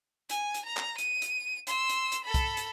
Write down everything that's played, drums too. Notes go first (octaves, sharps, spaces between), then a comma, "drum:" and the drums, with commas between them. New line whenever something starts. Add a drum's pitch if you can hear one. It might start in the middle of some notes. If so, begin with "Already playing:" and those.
G#5, drum: hi-hat
drum: hi-hat
A#5
drum: clap
D#7, drum: hi-hat
drum: hi-hat
C6 E6, drum: hi-hat
drum: hi-hat
drum: hi-hat
A4 B5
drum: kick, hi-hat
drum: hi-hat